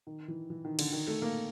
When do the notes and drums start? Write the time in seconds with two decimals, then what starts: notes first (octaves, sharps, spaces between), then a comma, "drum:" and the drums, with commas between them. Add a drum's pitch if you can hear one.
0.07 D#3
0.28 E3
0.50 E3
0.65 D#3
0.79 D3, drum: cymbal
0.93 D#3
1.07 A3
1.22 A#3